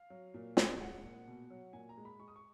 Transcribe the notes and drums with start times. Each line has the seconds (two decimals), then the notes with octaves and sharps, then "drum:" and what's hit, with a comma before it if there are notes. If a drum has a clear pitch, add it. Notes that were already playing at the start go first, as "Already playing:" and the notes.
Already playing: F5
0.10 F#3
0.34 A#2
0.57 F#3, drum: snare
0.80 G#3 F#5
1.04 A#2
1.27 B2
1.50 F#3
1.73 A#2 G#5
1.89 A#5
1.97 G#3
2.05 B5
2.20 G#3 C#6
2.28 D#6
2.36 C#6